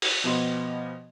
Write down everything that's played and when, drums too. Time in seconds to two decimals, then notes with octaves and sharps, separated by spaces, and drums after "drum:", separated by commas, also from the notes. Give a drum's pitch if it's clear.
0.02 drum: open hi-hat
0.24 B2 F3 B3 G4 D#5 C6